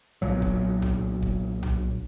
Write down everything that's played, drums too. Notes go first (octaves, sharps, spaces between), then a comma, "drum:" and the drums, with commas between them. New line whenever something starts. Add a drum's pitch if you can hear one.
B1 A#2 F#3
drum: kick
drum: tom B1
drum: kick
drum: tom B1